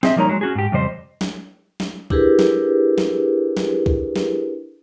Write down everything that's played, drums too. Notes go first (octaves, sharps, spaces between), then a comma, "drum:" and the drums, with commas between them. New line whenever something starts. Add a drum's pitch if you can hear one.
C4 G#4 D#5 E5, drum: snare
F3 G3 A#3 D#4 C#5 A#5
F#3 G#3
C#4 F#4 G#4
G#2 G4
F2 C#3 G3 C5 D#5
drum: snare
drum: snare
D4 E4 G4 G#4 A#4 B4, drum: kick C2
drum: snare
drum: snare
drum: snare
drum: kick C2
drum: snare